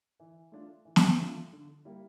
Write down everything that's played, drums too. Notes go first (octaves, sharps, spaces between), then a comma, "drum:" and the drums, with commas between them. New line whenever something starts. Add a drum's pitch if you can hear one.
E3
A3 D4 F4
E3
drum: snare
A3 D4 F4
D3
G3 A#3 E4 G4